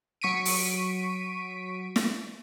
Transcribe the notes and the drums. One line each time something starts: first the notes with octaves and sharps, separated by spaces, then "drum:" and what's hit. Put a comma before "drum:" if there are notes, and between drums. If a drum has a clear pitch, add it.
F#3 C#6 B6 D7 D#7
drum: open hi-hat
drum: snare